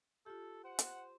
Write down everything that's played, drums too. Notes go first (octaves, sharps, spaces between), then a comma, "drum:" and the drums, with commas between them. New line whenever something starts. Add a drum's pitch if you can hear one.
F4 G4 A4
C5 F#5
drum: hi-hat